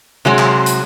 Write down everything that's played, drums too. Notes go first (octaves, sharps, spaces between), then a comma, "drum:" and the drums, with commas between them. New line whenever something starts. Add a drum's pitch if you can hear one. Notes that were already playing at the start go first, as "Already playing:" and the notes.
C3 F#3 G#3
drum: clap
drum: hi-hat